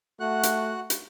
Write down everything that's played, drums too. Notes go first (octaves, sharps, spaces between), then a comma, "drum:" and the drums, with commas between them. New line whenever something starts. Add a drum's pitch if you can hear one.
A3 F#4 F#5 F#6
drum: hi-hat
drum: hi-hat